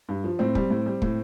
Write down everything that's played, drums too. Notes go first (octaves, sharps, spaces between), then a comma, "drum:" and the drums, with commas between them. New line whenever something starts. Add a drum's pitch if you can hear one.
G2
F3
A2 C4
G3, drum: kick
A2
G3
A2, drum: kick